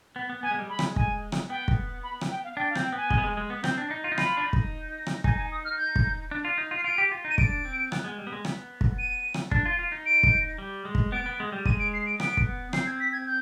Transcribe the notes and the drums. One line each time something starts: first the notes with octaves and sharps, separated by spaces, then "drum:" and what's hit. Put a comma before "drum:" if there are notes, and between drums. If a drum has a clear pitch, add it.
B3
B3
B3 G#5
G#3
G3
G#3 B5
drum: rim click
G#5, drum: kick
drum: rim click
B3 G5
drum: kick
B5
drum: rim click
G5
F5
D4 G5
F5
C4, drum: rim click
G5
B3 G#5
G#3, drum: kick
B3
G#3
G#3
B3
C4, drum: rim click
D4
D#4
F4
D#4
F4 B5, drum: rim click
D4
D#4
drum: kick
drum: rim click
D#4 G#5, drum: kick
G#5
D#6
F6
G6
drum: kick
D4
F4
D#4
F4
C7
F4 D7
G4
F4
D#4
D#7
D4 D7, drum: kick
C4
B3, drum: rim click
G#3
G3
B3
G#3
B3, drum: rim click
drum: kick
D#7
drum: rim click
D4, drum: kick
F4
F4
D#4
D7
drum: kick
G3
G#3
drum: kick
B3 D7
B3
G#3
G3
G#3 D#7, drum: kick
D7
C7
D7
B3 D7, drum: rim click
drum: kick
C4 C7, drum: rim click
G#6
B6
G#6
G6